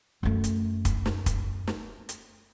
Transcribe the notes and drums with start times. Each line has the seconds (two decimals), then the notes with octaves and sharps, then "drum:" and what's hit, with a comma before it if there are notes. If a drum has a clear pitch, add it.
0.23 F#2 A3
0.44 drum: hi-hat
0.85 drum: kick, hi-hat
1.06 drum: snare
1.26 drum: kick, hi-hat
1.67 drum: snare
2.09 drum: hi-hat